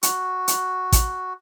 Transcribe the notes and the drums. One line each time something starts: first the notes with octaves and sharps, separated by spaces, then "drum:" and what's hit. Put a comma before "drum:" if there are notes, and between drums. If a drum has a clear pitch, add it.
F#4, drum: hi-hat
drum: hi-hat
drum: kick A1, hi-hat